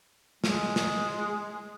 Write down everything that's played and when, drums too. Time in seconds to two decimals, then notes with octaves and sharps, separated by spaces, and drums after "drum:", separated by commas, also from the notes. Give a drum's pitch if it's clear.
0.44 G#3, drum: snare
0.76 drum: snare